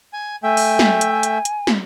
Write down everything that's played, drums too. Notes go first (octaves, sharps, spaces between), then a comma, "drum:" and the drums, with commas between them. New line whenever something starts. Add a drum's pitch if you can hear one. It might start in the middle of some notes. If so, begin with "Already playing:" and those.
G#5
A3 E5 G5 G#5
drum: open hi-hat
drum: snare
drum: hi-hat
drum: hi-hat
drum: hi-hat
drum: snare